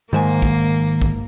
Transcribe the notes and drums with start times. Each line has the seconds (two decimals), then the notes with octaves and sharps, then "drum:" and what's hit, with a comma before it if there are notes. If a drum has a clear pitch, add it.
0.13 G#2 D#3 A#3 C5 G#5, drum: tambourine
0.28 drum: tambourine
0.42 drum: kick, tambourine
0.57 drum: tambourine
0.72 drum: tambourine
0.87 drum: tambourine
1.02 drum: kick, tambourine